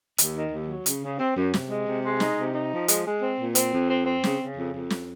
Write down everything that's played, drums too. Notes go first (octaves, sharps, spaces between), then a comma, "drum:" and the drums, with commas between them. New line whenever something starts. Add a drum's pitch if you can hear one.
D#2, drum: hi-hat
D#3
D#2
F#3
C#3, drum: hi-hat
C#3
C4
F#2
C3, drum: snare
G#3
C3
G#3
D#4, drum: snare
C3
D#4
F3
G#3, drum: hi-hat
G#3
C4
A#2
C4, drum: hi-hat
F2
C4
C4
C#3, drum: snare
C#3
F2
F2
drum: snare